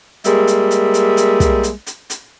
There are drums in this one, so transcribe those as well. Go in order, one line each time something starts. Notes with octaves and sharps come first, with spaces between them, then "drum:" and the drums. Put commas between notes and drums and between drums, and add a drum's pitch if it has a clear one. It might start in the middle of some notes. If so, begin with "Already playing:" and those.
G3 G#3 A#3 E5, drum: hi-hat
drum: hi-hat
drum: hi-hat
drum: hi-hat
drum: hi-hat
drum: kick, hi-hat
drum: hi-hat
drum: hi-hat
drum: hi-hat